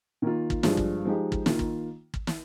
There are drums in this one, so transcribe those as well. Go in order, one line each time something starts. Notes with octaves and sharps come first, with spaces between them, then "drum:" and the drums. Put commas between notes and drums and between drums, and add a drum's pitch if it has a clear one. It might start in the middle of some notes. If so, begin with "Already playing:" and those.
D#3 A#3 F4
drum: kick
G2 F3 G#3 D4 F4, drum: snare
drum: kick
F3 G#3 D#4 G4
drum: kick
D#3 A#3 F4, drum: snare
drum: kick
drum: kick
drum: snare